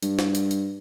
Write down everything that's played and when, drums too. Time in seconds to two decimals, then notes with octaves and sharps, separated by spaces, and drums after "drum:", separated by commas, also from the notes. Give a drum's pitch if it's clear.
0.03 G2, drum: hi-hat
0.19 drum: snare
0.35 drum: hi-hat
0.51 drum: hi-hat